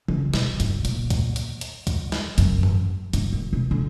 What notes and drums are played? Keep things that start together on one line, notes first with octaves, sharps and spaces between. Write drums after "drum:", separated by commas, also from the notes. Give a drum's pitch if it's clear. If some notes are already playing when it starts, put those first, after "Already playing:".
C#3, drum: tom E3
B2, drum: snare
G2, drum: hi-hat
A#2, drum: hi-hat
drum: kick, hi-hat
drum: hi-hat
drum: hi-hat
drum: kick, hi-hat
drum: snare
F#2, drum: hi-hat
drum: tom G#2
G2, drum: hi-hat
A#2
B2
D3